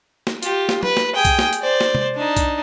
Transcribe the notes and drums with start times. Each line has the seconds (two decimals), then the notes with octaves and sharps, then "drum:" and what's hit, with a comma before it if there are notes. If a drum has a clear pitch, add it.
0.27 drum: snare
0.43 F4 G4, drum: hi-hat
0.69 drum: snare
0.83 B4, drum: tom
0.97 drum: snare
1.15 G#4 G5
1.25 drum: kick B1, hi-hat
1.39 drum: snare
1.53 drum: hi-hat
1.62 C5 D5
1.81 drum: snare
1.95 drum: tom C3
2.15 D4 D#4
2.37 drum: kick B1, hi-hat